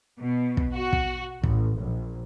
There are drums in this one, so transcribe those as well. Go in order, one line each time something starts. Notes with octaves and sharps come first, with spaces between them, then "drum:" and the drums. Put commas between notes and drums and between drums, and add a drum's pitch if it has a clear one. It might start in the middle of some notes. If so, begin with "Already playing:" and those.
B2
drum: kick
F#4
drum: kick
A1, drum: kick
A#1